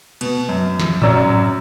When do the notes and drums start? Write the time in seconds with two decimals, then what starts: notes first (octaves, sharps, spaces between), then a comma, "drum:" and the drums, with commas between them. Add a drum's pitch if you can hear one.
0.21 B2, drum: cymbal
0.49 F#2
0.80 drum: snare
1.02 F#2 F#3 C#4 D5 A#5 E6, drum: tom G#2